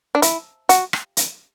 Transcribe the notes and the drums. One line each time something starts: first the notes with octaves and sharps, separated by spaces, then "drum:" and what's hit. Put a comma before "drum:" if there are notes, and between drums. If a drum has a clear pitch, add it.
D4
E4, drum: hi-hat
F#4, drum: hi-hat
drum: rim click
drum: hi-hat